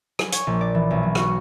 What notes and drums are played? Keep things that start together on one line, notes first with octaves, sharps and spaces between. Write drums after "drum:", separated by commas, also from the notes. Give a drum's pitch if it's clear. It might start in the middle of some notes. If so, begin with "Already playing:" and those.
G#5, drum: rim click
C#5, drum: hi-hat
A#1
D5
E3
B1
F#3
F#4, drum: rim click